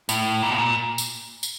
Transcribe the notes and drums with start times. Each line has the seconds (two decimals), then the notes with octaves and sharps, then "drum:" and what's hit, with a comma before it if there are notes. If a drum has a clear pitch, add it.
0.09 A2, drum: tambourine
0.42 A#2
0.50 B2
0.58 A#2
0.98 drum: tambourine
1.43 drum: tambourine